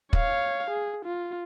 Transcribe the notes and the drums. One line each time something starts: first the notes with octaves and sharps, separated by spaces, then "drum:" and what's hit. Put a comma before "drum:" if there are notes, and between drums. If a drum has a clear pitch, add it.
C#5 F5, drum: kick
G#4
F4